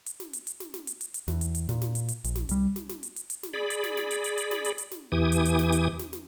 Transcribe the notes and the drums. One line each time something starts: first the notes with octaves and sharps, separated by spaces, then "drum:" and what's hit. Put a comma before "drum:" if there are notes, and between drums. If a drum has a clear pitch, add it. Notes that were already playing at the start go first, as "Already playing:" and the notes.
drum: hi-hat
drum: snare
drum: hi-hat
drum: hi-hat
drum: snare
drum: snare
drum: hi-hat
drum: hi-hat
drum: hi-hat
E2, drum: snare
drum: hi-hat
drum: hi-hat
A#2, drum: snare
drum: snare
drum: hi-hat
drum: hi-hat
A#1, drum: hi-hat
drum: snare
C2 G3, drum: hi-hat
drum: snare
drum: snare
drum: hi-hat
drum: hi-hat
drum: hi-hat
drum: snare
G#4 D5 B5
drum: hi-hat
drum: snare
drum: snare
drum: hi-hat
drum: hi-hat
drum: hi-hat
drum: snare
drum: hi-hat
drum: hi-hat
drum: snare
E2 E3 G4 G#5 D#6
drum: hi-hat
drum: hi-hat
drum: snare
drum: hi-hat
drum: snare
drum: snare